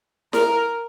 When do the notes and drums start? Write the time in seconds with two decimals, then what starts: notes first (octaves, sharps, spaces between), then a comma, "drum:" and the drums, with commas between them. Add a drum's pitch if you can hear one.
0.33 A#4, drum: snare E4